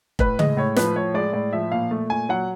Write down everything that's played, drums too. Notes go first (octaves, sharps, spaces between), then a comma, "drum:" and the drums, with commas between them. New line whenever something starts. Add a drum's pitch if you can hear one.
A2 B4, drum: kick F1
G#3 D#5, drum: tom C#3
A2 C#5
F3 B4, drum: snare
A2 C#5
G#3 D5
A2 D5
F3 E5
A#2 F5
A3
A#2 G#5
F#3 F#5